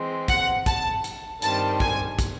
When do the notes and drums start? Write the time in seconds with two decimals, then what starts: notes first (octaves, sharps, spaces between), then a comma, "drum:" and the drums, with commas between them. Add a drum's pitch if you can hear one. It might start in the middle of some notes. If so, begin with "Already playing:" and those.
Already playing: E3 G#3 C4
0.28 F#5, drum: kick, hi-hat
0.66 A5, drum: kick, hi-hat
1.04 drum: hi-hat
1.42 G2 D#3 G3 C4 A5, drum: hi-hat
1.80 G#5, drum: kick
2.19 drum: kick, hi-hat